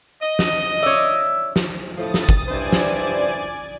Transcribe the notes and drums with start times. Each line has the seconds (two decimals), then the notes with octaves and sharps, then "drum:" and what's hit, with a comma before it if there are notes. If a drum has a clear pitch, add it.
0.22 D#5
0.39 drum: snare
0.83 C#5 D5 E5
1.56 drum: snare
1.97 A2 F3 D#6 A6
2.14 drum: snare
2.29 drum: kick G1
2.48 G2 E4 C5 D5 G#5
2.73 drum: snare